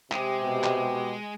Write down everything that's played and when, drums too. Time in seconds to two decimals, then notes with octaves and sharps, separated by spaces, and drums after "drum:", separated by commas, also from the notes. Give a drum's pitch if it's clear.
0.12 C3 G#3 G4, drum: clap
0.43 B2
0.64 drum: clap